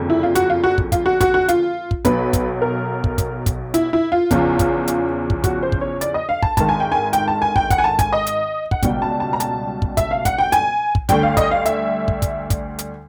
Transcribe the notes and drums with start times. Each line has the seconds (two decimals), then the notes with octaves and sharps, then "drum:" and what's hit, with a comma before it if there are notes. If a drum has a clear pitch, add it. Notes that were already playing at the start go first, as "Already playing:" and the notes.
Already playing: F#1 F2 D3 F3
0.10 E4
0.23 F4
0.35 F#4, drum: hi-hat
0.50 F4
0.64 F#4
0.78 drum: kick
0.92 F4, drum: kick, hi-hat
1.06 F#4
1.21 F#4, drum: kick, hi-hat
1.34 F#4
1.48 F4, drum: hi-hat
1.91 drum: kick
2.05 B1 B2 F#3 B4, drum: kick, hi-hat
2.33 drum: kick, hi-hat
2.62 A#4
3.04 drum: kick
3.18 drum: kick, hi-hat
3.46 drum: kick, hi-hat
3.74 E4, drum: hi-hat
3.93 E4
4.12 F4
4.31 E2 C#3 F3, drum: kick, hi-hat
4.59 drum: kick, hi-hat
4.88 drum: hi-hat
5.30 drum: kick
5.44 F#4, drum: kick, hi-hat
5.63 C5
5.72 drum: kick
5.81 C#5
6.01 D5, drum: hi-hat
6.14 D#5
6.29 F5
6.42 A5, drum: kick
6.57 G#1 G#2 D#3 A5, drum: kick, hi-hat
6.69 G#5
6.80 G5
6.92 G#5
7.13 G5, drum: hi-hat
7.28 A5
7.42 G#5
7.56 G5, drum: kick
7.70 F#5, drum: kick, hi-hat
7.78 G#5
7.84 A5
7.99 G#5, drum: kick, hi-hat
8.13 D#5
8.27 drum: hi-hat
8.71 F#5, drum: kick
8.83 C#2 B2 G3 G5, drum: kick, hi-hat
9.02 A5
9.20 A5
9.33 A#5
9.40 A5, drum: hi-hat
9.82 drum: kick
9.97 E5, drum: kick, hi-hat
10.11 F5
10.25 F#5, drum: kick, hi-hat
10.38 G5
10.52 G#5, drum: hi-hat
10.95 drum: kick
11.09 D2 D3 G3 G5, drum: kick, hi-hat
11.23 F5
11.37 D#5, drum: kick, hi-hat
11.51 F5
11.66 E5, drum: hi-hat
12.08 drum: kick
12.22 drum: kick, hi-hat
12.50 drum: kick, hi-hat
12.79 drum: hi-hat